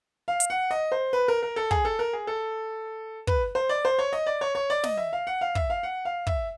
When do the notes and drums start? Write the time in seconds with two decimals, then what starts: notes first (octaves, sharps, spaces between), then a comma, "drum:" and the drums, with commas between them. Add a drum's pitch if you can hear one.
0.28 F5
0.40 drum: hi-hat
0.50 F#5
0.71 D#5
0.92 C5
1.13 B4
1.28 A#4
1.42 A#4
1.56 A4
1.71 G#4, drum: kick
1.85 A4
1.99 A#4
2.13 G#4
2.27 A4
3.27 B4, drum: kick
3.55 C5
3.69 D5
3.85 C5
3.99 C#5
4.13 D#5
4.26 D5
4.41 C#5
4.55 C#5
4.70 D5
4.84 D#5, drum: snare
4.97 E5
5.13 F5
5.27 F#5
5.41 F5
5.55 E5, drum: kick
5.70 F5
5.83 F#5
6.05 F5
6.27 E5, drum: kick